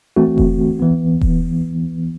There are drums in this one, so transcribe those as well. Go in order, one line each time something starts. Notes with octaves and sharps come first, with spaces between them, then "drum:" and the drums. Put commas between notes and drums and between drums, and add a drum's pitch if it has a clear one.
E3 A3 C4 F#4
drum: kick E1
E3 B3
drum: kick E1